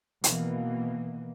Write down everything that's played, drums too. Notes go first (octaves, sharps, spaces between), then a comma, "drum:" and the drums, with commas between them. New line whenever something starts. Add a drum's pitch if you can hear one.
B2 D#3 E3 A#3, drum: hi-hat